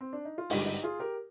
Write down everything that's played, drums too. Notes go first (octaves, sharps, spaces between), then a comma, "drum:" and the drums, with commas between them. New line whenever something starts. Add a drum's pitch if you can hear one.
C4
D4
D#4
F4
G#1 G2 D3 D#4 G4, drum: open hi-hat
D#4 G4
F4 G#4
G4 A#4